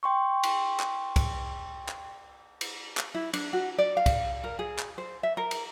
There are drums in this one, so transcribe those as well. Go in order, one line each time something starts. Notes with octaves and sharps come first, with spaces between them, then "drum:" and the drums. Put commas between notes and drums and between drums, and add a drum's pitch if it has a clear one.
G5 C6 C#6
drum: cymbal
drum: clap
drum: kick, cymbal
drum: clap
drum: cymbal
drum: clap
E4
D4, drum: cymbal
F#4
D5
F5
drum: kick, cymbal
A#4
G#4
drum: clap
C5
E5
A#4
drum: cymbal